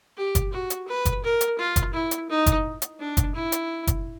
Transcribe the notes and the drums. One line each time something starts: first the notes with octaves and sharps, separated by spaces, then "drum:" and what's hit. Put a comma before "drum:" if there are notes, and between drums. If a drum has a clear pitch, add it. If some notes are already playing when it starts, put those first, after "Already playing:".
G4
drum: kick F#1, hi-hat
F#4
drum: hi-hat
B4
drum: kick F#1, hi-hat
A#4
drum: hi-hat
F4
drum: kick F#1, hi-hat
E4
drum: hi-hat
D#4
drum: kick F#1, hi-hat
drum: hi-hat
D4
drum: kick F#1, hi-hat
E4
drum: hi-hat
drum: kick F#1, hi-hat